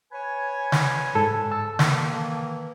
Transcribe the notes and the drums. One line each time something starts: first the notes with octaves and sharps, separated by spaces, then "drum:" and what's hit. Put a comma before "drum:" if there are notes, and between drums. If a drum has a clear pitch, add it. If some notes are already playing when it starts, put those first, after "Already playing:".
B4 C#5 G#5
drum: snare
G#2 A4
A5 E6
D#3 E3 A#3, drum: snare